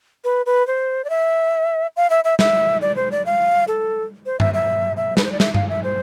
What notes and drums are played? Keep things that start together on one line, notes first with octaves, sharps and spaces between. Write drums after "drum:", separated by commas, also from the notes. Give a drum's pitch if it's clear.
B4
B4
C5
D5
E5
F5
E5
E5
E5, drum: snare
D5
C5
D5
F5
A4
C5
E5, drum: tom G2
E5
E5
B4, drum: snare
C5
D5
E5, drum: snare
F5, drum: tom G2
E5
C5